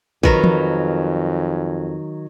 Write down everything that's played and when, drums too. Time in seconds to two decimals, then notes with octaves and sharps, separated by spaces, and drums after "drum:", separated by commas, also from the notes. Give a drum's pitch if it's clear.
0.23 F2 D#3 F#3 A#4 B4, drum: kick
0.44 drum: tom